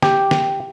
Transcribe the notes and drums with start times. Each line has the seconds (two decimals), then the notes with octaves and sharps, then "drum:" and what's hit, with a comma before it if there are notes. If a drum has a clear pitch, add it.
0.02 G4, drum: snare
0.31 drum: snare